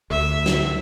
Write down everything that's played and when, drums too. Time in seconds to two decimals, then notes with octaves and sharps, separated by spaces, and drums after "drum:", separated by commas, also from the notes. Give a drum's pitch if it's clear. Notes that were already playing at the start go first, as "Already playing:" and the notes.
0.10 D2 E5
0.46 drum: snare